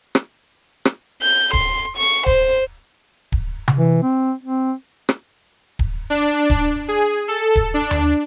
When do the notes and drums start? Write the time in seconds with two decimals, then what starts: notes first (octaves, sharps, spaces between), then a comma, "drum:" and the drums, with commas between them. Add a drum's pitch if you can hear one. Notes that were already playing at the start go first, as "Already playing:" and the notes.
0.15 drum: rim click
0.85 drum: rim click
1.22 G6
1.53 C6, drum: kick D1
1.97 C#6
2.26 C5, drum: kick D1
3.32 drum: kick D1
3.68 drum: tom C3
3.78 E3
4.02 C4
4.43 C4
5.09 drum: rim click
5.79 drum: kick D1
6.10 D4
6.50 drum: kick D1
6.88 G#4
7.28 A4
7.56 drum: kick D1
7.74 D4
7.91 drum: tom D#2